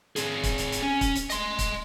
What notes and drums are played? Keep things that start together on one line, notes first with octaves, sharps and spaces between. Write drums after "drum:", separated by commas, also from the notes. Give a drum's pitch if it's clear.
C4 G#4, drum: hi-hat
drum: kick, hi-hat
drum: hi-hat
drum: hi-hat
C#4
drum: kick, hi-hat
drum: hi-hat
D#5 C6, drum: hi-hat
drum: kick, hi-hat